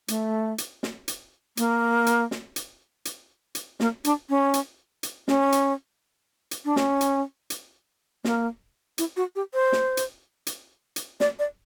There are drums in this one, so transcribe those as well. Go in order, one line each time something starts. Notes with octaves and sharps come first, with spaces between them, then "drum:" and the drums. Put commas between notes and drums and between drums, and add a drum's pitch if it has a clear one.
A3, drum: hi-hat
drum: hi-hat
drum: snare
drum: hi-hat
A#3, drum: hi-hat
drum: hi-hat
drum: snare
drum: hi-hat
drum: hi-hat
drum: hi-hat
A#3, drum: snare
D4, drum: hi-hat
C#4
drum: hi-hat
drum: hi-hat
C#4, drum: snare
drum: hi-hat
drum: hi-hat
D4
C#4, drum: snare
drum: hi-hat
drum: hi-hat
A#3, drum: snare
E4, drum: hi-hat
F#4
G4
C5
drum: snare
drum: hi-hat
drum: hi-hat
drum: hi-hat
D5, drum: snare
D5